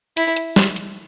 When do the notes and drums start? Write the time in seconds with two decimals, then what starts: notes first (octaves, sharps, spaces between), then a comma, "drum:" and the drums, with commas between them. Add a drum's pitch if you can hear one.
0.17 E4, drum: hi-hat
0.36 drum: hi-hat
0.56 drum: snare
0.76 drum: hi-hat